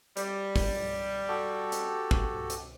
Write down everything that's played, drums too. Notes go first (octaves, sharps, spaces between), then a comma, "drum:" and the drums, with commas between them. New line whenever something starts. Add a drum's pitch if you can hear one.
G3, drum: hi-hat
drum: kick, open hi-hat
F#4 G4 A4
drum: hi-hat
drum: kick
drum: hi-hat